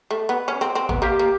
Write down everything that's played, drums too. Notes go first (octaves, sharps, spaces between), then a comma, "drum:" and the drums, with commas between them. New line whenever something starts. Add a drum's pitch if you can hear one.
A3
B3
C#4
C4
C4
B3, drum: kick G#1
A#3 G4
A#3